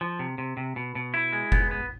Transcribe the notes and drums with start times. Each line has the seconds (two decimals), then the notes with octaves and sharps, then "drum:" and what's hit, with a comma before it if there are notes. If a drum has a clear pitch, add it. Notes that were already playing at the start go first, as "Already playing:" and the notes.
0.01 F3
0.19 C3
0.38 C3
0.57 C3
0.76 B2
0.95 B2
1.14 E4
1.33 G#3
1.52 B3, drum: kick F1
1.71 B3